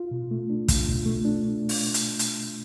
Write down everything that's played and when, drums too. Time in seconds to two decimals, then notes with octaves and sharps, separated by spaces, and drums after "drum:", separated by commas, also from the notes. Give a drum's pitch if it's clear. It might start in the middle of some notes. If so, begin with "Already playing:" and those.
Already playing: F4
0.11 B2
0.31 A3
0.50 D4
0.68 F4, drum: kick, hi-hat
0.88 B2
1.05 A3
1.25 D4
1.69 drum: open hi-hat
1.94 drum: hi-hat
2.19 drum: hi-hat